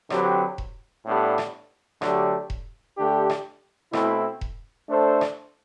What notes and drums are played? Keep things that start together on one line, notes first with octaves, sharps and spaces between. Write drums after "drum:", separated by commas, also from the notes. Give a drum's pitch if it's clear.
D3 F#3 C4 G4 B4, drum: rim click
drum: kick E1
A2 G3 B3 D4 A4
drum: rim click
D3 F#3 A3 D4 G4, drum: rim click
drum: kick E1
D3 A3 D4 G4
drum: rim click
B2 A3 C4 E4, drum: rim click
drum: kick E1
A3 D4 A4 C5
drum: rim click